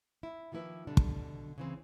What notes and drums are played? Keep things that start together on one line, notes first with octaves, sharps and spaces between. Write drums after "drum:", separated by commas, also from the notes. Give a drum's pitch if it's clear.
E4
D#3 F3 A#3 E4 B4
B2 D3 G3 D4
drum: kick
C#3 E3 C4